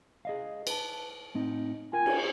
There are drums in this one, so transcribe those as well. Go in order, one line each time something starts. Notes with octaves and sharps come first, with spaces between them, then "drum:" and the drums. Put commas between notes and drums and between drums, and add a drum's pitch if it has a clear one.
G#4 D#5 F5
B4 A5, drum: cymbal
A2 C4 D#4
F4 A#4 G5 G#5
drum: cymbal